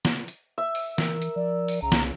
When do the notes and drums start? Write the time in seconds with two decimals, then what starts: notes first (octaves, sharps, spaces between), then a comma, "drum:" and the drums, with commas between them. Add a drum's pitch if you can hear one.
0.05 drum: snare
0.28 drum: hi-hat
0.58 E5
0.75 drum: open hi-hat
0.98 E3 A#4, drum: snare
1.22 drum: hi-hat
1.36 F3 D5
1.68 drum: open hi-hat
1.82 C2 C#3 A#5
1.92 drum: snare